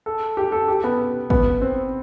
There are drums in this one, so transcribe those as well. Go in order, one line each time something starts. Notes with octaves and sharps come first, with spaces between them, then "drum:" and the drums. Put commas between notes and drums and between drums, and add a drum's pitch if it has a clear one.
A4
G4
A4
G4
B3
B3, drum: kick
C4